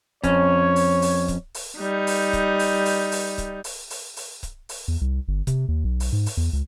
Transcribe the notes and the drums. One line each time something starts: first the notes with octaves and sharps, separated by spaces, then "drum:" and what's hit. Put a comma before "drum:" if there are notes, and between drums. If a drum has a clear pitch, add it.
F2 C#4 C#5, drum: kick C#1, hi-hat
drum: open hi-hat
drum: open hi-hat
drum: kick C#1, hi-hat
drum: open hi-hat
G3 D#4
drum: open hi-hat
drum: kick C#1, hi-hat
drum: open hi-hat
drum: open hi-hat
drum: open hi-hat
drum: kick C#1, hi-hat
drum: open hi-hat
drum: open hi-hat
drum: open hi-hat
drum: kick C#1, hi-hat
drum: open hi-hat
E2
C2
G1
C3, drum: kick C#1, hi-hat
D#2
B1
drum: open hi-hat
G#2
drum: open hi-hat
E2
C#2